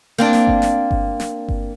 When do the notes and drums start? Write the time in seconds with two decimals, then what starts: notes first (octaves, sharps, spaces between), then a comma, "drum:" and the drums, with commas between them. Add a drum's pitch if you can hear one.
0.18 A#3 C4 D4
0.33 drum: snare
0.47 drum: kick G1
0.62 drum: snare
0.91 drum: kick G1
1.20 drum: snare
1.49 drum: kick G1